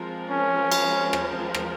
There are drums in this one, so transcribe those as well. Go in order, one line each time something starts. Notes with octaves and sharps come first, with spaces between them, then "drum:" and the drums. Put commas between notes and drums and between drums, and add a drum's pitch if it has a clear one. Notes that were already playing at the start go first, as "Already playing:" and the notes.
Already playing: F3 G#3 C4 F4 A#4
C#4
drum: cymbal
drum: rim click
drum: rim click